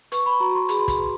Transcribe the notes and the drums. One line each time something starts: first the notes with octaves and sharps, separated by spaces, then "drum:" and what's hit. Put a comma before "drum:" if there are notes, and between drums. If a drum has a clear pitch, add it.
B4 C#6, drum: hi-hat
B5
F#4 A#5
C6
G#4 B5, drum: hi-hat
C6
B5, drum: kick, hi-hat
B4